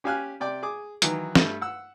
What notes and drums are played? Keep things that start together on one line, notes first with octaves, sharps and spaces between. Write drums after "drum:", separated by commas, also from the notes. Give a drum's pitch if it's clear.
C#4 G4 F5 G#5 F6 F#6
C3 D5 G5 D6
G#4 D6
D#3 E3 F#3, drum: hi-hat
G2 A3, drum: snare
F#5 E6